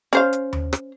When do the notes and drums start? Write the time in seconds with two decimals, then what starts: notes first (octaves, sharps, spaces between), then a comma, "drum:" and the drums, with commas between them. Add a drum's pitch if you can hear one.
0.13 C#4 C5 F5, drum: hi-hat
0.33 drum: hi-hat
0.53 drum: tom D#2
0.73 drum: rim click